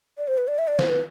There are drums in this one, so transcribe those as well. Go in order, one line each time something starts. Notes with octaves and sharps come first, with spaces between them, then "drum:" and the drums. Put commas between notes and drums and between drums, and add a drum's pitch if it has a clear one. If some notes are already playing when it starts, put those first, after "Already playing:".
D5
C5
B4
D5
E5
D5
C5, drum: snare
B4